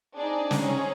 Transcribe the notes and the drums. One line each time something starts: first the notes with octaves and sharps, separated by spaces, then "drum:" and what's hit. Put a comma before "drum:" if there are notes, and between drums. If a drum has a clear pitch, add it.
C4 D4 D#4 G#4 D5
drum: snare
C#4 C#5